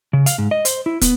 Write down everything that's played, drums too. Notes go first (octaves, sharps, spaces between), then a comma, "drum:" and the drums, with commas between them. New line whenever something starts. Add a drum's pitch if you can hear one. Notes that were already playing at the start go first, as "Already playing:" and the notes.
C#3
F5, drum: hi-hat
G#2
D#5
C5, drum: hi-hat
E4
B3, drum: kick, hi-hat